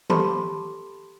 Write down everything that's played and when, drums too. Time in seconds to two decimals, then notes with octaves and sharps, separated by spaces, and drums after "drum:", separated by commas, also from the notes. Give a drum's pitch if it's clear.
0.10 G4 A4 A5 B5 C6 D6, drum: tom D#3